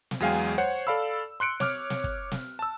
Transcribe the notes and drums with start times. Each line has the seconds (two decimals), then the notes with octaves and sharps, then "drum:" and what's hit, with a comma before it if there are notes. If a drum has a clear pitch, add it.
0.11 drum: snare
0.20 E2 F#3 G#3 F5 G5 G#5
0.58 C5 C#5 F#5
0.87 A4 D5 F5 B5 E6
1.40 C6 F#6 C#7 D7
1.60 C#5 D6 F6, drum: snare
1.90 drum: snare
2.04 drum: kick
2.32 drum: snare
2.59 A5 E6